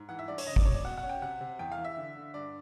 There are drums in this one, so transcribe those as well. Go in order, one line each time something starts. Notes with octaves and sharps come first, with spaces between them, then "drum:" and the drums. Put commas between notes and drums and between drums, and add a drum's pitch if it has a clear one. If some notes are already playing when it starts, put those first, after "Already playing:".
Already playing: G#2
E3 F#5
E5
G2 D5
C#5, drum: open hi-hat
C#3 D#5
D5, drum: kick
F#3 C#5
D5
B2 F#5
F#5
C#4
G5
C3 F#5
C3
E2 G5
F5
E3
E5
D3
D3
G2 D5